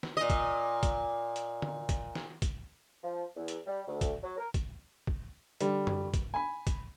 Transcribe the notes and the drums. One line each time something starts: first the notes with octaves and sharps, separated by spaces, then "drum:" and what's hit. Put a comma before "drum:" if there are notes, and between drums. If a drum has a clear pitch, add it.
drum: snare
A#2 D#5
drum: kick, hi-hat
drum: kick, hi-hat
drum: hi-hat
drum: tom D3
drum: kick, hi-hat
drum: snare
drum: kick, hi-hat
F3
E2
drum: hi-hat
G3
D2
drum: kick, hi-hat
F#3
A#4
drum: kick, hi-hat
drum: kick
D3 G3, drum: hi-hat
drum: tom F#2
drum: kick, hi-hat
G#5 B5
drum: kick, hi-hat